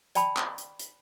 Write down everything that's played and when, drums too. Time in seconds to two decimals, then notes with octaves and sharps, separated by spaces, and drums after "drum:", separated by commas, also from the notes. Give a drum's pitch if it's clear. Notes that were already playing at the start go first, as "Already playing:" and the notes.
0.15 D5 G5 A5 B5, drum: hi-hat
0.37 drum: clap
0.58 drum: hi-hat
0.79 drum: hi-hat